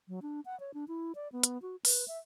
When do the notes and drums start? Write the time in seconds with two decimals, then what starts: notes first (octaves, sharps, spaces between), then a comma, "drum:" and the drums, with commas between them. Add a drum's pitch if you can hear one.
0.08 F#3
0.22 D4
0.46 F#5
0.60 C#5
0.74 D4
0.88 E4
1.15 D5
1.32 B3
1.43 drum: hi-hat
1.62 F#4
1.85 B4, drum: open hi-hat
2.08 E5